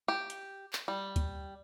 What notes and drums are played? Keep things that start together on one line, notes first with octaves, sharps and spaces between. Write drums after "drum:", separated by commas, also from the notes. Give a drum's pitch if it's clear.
G4
drum: hi-hat
drum: clap
G3
drum: kick D2, hi-hat